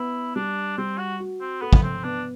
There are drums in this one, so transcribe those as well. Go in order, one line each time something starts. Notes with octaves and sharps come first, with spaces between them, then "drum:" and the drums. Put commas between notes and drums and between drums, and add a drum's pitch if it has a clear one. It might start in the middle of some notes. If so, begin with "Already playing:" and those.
Already playing: B3 E4
G3 D4
G3 C4
F#4
F#4
C4
B3 A4
drum: kick
C4
B3 D4